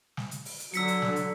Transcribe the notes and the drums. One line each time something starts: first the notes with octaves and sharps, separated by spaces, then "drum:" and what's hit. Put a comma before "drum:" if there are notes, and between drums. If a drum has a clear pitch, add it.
drum: snare
drum: hi-hat
drum: open hi-hat
drum: hi-hat
D3 F#3 E6 B6 C#7, drum: hi-hat
drum: hi-hat
drum: snare
drum: hi-hat